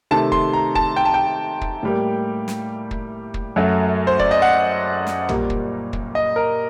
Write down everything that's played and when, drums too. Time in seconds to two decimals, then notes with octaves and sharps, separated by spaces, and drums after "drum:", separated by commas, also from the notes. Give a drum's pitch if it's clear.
0.11 C3 D#3 A3 A5
0.32 C6, drum: kick
0.53 A#5
0.75 A5, drum: kick
0.96 G5
1.05 A5
1.14 G5
1.61 drum: kick
1.83 A2 G3 A#3
2.48 drum: snare
2.91 drum: kick
3.34 drum: kick
3.56 F#2 F#3 A3
4.07 C5
4.19 D5, drum: kick
4.31 D#5
4.42 F#5
5.07 drum: snare
5.29 A#2 G3 A#3, drum: tom
5.50 drum: kick
5.93 drum: kick
6.15 D#5
6.36 A#4